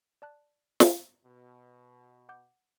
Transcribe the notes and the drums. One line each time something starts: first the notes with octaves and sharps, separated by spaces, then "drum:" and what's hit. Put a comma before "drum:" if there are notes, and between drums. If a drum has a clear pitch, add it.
D5 A5 F#6
drum: snare
B2
F#5 D6 G6